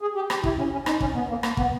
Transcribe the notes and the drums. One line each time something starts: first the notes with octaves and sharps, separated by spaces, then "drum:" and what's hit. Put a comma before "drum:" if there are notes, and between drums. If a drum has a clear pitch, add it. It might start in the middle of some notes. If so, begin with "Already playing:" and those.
G#4
G4
G4, drum: rim click
E4, drum: kick
C#4
C#4
D#4, drum: rim click
C#4, drum: kick
B3
A#3
A#3, drum: rim click
B3, drum: kick